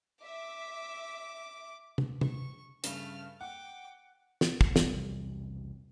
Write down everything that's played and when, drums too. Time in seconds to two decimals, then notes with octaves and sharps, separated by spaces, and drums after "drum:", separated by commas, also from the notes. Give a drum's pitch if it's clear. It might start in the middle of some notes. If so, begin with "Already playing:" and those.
0.24 E5 D6
1.98 drum: tom C3
2.21 C#6, drum: tom C3
2.84 G2 C#3 A3 F6, drum: hi-hat
3.41 F#5 G5 D6
4.41 drum: snare
4.61 drum: kick
4.76 B1 E2 C3 G3, drum: snare